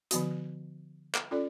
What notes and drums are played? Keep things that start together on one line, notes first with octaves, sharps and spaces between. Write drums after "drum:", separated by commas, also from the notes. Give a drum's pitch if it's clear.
D3 F3 B3 F#4, drum: hi-hat
drum: clap
C#4 F4 A4 D5